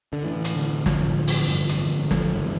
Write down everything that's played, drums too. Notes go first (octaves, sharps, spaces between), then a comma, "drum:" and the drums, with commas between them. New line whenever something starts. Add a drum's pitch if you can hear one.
D3
A2 E3
A1, drum: hi-hat
D3
A2
A1 D3 F3, drum: snare
A2
A1, drum: open hi-hat
G2
A1, drum: hi-hat
A1
D3 F3 A3, drum: snare
G2 D3
E3